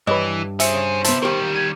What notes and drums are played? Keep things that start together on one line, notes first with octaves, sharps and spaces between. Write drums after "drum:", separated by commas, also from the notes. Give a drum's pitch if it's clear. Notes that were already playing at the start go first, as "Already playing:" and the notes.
G2 E3 B4 C#5 D#5
C#4 G#4 C5 E5 C#7, drum: hi-hat
C3 B3 E4 A5, drum: hi-hat
D#3 G3 G4 A#4
G#6 D#7